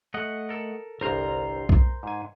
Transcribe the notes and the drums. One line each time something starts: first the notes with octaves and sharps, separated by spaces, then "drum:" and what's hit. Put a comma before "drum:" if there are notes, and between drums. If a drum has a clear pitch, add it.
A3 D#5 F#5
A4 A#4
G1 C2 A#4 C5 A#5
drum: kick B1
G#2 G#5